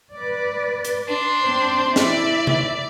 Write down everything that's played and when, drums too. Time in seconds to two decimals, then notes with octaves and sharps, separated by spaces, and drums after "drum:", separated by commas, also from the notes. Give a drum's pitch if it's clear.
0.14 B4 D5
0.85 drum: hi-hat
1.08 D4 C6
1.45 C4 C5
1.96 E4 D5 E5, drum: snare
2.47 drum: tom C3